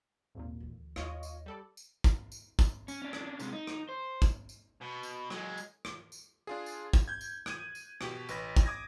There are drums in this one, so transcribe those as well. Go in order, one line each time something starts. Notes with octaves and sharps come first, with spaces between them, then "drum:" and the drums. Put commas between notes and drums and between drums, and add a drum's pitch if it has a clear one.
G#1 D#2 A#2
D2 E3
D#2 F4 C#5 D#5, drum: rim click
drum: tambourine
G3 A4 D5
drum: tambourine
drum: kick, tambourine
drum: tambourine
drum: kick, tambourine
C#4, drum: tambourine
C#4 D4
drum: rim click
C3 G#3, drum: tambourine
D#4
drum: rim click
C5
drum: kick, tambourine
drum: tambourine
B2
drum: tambourine
F#3 G#3, drum: rim click
drum: tambourine
drum: rim click
drum: tambourine
D4 F4 G#4
drum: tambourine
drum: kick, tambourine
G6 G#6
drum: tambourine
F#6 G#6 D#7, drum: rim click
drum: tambourine
B2 G4, drum: rim click
A1 B4 A#6, drum: tambourine
drum: kick, tambourine
D6 D#6 G#6 A#6